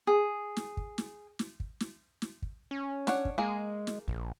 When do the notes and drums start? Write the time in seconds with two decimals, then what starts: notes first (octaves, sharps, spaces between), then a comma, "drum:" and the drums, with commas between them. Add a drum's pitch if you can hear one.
0.07 G#4
0.57 drum: snare
0.77 drum: kick
0.98 drum: snare
1.39 drum: snare
1.60 drum: kick
1.80 drum: snare
2.22 drum: snare
2.42 drum: kick
2.71 C#4
3.07 D4 C#5 F#5, drum: snare
3.25 drum: kick
3.38 G#3 A#3 G#4
3.87 drum: snare
4.08 A#1, drum: kick